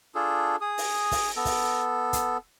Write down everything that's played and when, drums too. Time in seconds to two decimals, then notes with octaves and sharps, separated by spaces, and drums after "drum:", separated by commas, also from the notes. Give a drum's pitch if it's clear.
0.15 D4 F4 G#4 A4
0.61 G#4 D#6
0.78 drum: open hi-hat
1.12 drum: kick, open hi-hat
1.36 B3 A4
1.45 drum: kick, open hi-hat
2.13 drum: kick, hi-hat